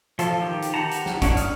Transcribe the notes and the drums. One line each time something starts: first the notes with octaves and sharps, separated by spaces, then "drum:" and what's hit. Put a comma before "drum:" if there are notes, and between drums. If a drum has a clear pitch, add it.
F3 F4 A4, drum: hi-hat
D#3 G4
drum: hi-hat
G4 F#5 A5 A#5
drum: hi-hat
drum: snare
C#4 D4 E4 F#5, drum: kick, hi-hat
D#6 F6, drum: hi-hat